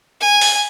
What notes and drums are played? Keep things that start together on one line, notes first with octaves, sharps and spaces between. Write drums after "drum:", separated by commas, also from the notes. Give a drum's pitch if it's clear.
G#5
drum: open hi-hat